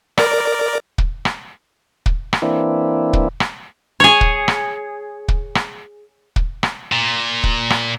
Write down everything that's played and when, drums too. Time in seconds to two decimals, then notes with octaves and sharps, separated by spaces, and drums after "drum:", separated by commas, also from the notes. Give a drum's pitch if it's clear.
0.18 A#4 D5, drum: rim click
0.98 drum: kick
1.25 drum: rim click
2.06 drum: kick
2.33 drum: rim click
2.42 E3 A#3 C4 D4 E4
3.13 drum: kick
3.40 drum: rim click
4.00 G#4 C#5
4.21 drum: kick
4.48 drum: rim click
5.28 drum: kick
5.55 drum: rim click
6.36 drum: kick
6.63 drum: rim click
6.92 A#2
7.44 drum: kick
7.70 drum: rim click